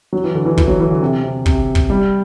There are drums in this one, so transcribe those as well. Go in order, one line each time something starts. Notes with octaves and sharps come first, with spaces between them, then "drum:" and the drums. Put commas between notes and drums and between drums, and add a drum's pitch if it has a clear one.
F#3
E3
D3
E3
E3, drum: kick
F#3
E3
D3
C3
C3
C3, drum: kick
drum: kick
G3